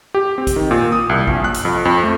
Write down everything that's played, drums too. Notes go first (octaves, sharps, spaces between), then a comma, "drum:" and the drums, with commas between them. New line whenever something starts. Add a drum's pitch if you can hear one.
G4
C4
drum: kick A#1, hi-hat
D#3
A#2
D#6
C2
A#1, drum: kick A#1
F#6
drum: hi-hat
F2
F2
A3